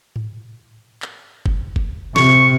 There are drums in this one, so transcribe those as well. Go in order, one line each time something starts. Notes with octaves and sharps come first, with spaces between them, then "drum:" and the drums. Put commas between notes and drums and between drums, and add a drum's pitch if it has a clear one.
drum: tom G#2
drum: clap
drum: kick F#1
drum: kick F#1
C3 C#6, drum: snare